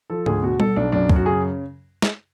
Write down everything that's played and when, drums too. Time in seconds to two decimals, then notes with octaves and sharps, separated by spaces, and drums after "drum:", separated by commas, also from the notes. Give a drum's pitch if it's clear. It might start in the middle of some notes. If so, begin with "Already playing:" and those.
0.10 F3 A4
0.26 D2 G#4, drum: tom G#2
0.43 B2 F#4
0.60 B2 A4, drum: tom G3
0.76 B1 D4
0.92 F#2 D4
1.10 F#2, drum: kick
1.16 F#4
1.26 C#3 G#4
2.02 drum: snare